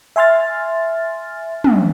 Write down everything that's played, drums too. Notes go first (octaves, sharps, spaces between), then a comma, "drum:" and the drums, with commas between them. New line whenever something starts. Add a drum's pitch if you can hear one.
E5 G#5 C6 F6 A6
drum: tom